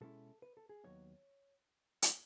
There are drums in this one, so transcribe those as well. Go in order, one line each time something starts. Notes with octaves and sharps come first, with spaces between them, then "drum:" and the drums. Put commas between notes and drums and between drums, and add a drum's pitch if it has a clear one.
B2 G#3 C#4 E4 A4
B4
A4
G#4
D#2 D#3 F#3 B3 D#4 C#5
drum: hi-hat